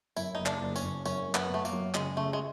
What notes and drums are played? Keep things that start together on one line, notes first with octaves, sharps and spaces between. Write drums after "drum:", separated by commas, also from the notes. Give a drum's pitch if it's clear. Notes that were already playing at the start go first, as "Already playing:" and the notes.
F#2 E4, drum: tambourine
F#1 D#4
D4, drum: clap
F#1
C#4, drum: tambourine
F#1
F#2 C#4, drum: tambourine
F#2
B3, drum: clap
F#2 A3
A#3, drum: tambourine
F#3
C#3 G#3, drum: clap
C#3 A3
G#3